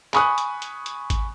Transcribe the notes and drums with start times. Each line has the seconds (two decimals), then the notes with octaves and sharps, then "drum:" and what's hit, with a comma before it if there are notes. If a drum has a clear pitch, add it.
0.14 G#5 B5 C#6 D#6 F#6, drum: clap
0.38 drum: hi-hat
0.62 drum: hi-hat
0.86 drum: hi-hat
1.10 drum: kick G#1, hi-hat